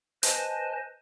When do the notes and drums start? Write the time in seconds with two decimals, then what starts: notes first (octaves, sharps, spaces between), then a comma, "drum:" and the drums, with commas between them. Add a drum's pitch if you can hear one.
0.23 B4 C5 D#5 G#5 A5, drum: hi-hat